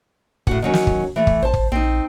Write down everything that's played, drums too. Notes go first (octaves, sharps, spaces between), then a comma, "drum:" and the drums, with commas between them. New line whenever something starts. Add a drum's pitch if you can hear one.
A2 F#4 F#5, drum: kick
D#3 F#3 C#4
drum: snare
drum: kick
E3 A3
drum: kick
A1 C5 A5
drum: kick
A#1 C4 D#4